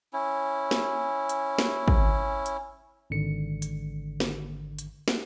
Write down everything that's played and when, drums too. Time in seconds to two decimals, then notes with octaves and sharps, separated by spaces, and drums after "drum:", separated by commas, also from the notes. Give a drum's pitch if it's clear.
0.13 C#4 E4
0.71 drum: snare
1.29 drum: hi-hat
1.59 drum: snare
1.88 drum: kick
2.46 drum: hi-hat
3.10 G#1 D3 C#7
3.62 drum: hi-hat
4.20 drum: snare
4.79 drum: hi-hat
5.08 drum: snare